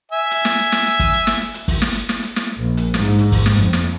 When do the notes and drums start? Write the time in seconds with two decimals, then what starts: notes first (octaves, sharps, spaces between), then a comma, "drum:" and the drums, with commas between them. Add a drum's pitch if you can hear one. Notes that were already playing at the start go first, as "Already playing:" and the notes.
0.12 E5 G#5
0.31 drum: hi-hat
0.45 drum: snare
0.58 drum: hi-hat
0.72 drum: snare
0.86 drum: hi-hat
0.99 drum: kick, hi-hat
1.13 drum: hi-hat
1.27 drum: snare
1.41 drum: hi-hat
1.54 drum: hi-hat
1.68 drum: kick, open hi-hat
1.82 drum: snare
1.95 drum: hi-hat
2.09 drum: snare
2.23 drum: hi-hat
2.36 drum: snare
2.58 A#1
2.77 drum: hi-hat
2.94 G#2, drum: snare
3.05 drum: hi-hat
3.18 drum: hi-hat
3.32 drum: kick, open hi-hat
3.46 drum: snare
3.59 F2
3.73 drum: snare